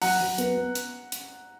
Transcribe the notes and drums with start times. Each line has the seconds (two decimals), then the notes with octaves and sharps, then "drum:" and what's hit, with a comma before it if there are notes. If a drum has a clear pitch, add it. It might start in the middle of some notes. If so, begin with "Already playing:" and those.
0.02 F#3 F#5 A#5, drum: open hi-hat
0.20 F#3
0.38 B3, drum: hi-hat
0.57 B3
0.75 drum: hi-hat
1.12 drum: hi-hat